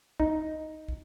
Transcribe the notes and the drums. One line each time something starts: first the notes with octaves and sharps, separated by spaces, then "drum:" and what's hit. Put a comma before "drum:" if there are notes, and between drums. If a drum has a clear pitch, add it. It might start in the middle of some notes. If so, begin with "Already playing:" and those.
D#4, drum: kick
drum: kick